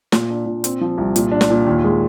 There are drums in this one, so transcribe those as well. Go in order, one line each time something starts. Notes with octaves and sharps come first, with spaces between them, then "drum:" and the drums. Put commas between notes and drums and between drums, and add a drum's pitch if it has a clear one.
A#2, drum: snare
D4
A#2
C4, drum: hi-hat
F3
C2
A#2, drum: hi-hat
D4
drum: snare
A#2
D#2
G#3